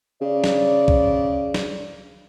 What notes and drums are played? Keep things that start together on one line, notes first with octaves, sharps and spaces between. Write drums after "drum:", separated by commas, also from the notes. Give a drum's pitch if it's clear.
C#3 D5
drum: snare
drum: kick B1
drum: snare